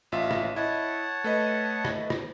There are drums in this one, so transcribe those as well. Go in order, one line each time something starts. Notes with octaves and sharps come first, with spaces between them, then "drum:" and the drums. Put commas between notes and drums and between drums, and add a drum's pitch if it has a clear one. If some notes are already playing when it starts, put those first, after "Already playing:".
A1 F4 E5
drum: rim click
E4 C#5 D#5 F#5 A5
A3 B4 D#5
drum: rim click
drum: rim click